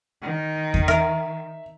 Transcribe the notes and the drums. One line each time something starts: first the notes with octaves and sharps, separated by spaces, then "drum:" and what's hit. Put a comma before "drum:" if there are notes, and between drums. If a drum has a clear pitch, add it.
D#3
drum: kick E2
A#4 E5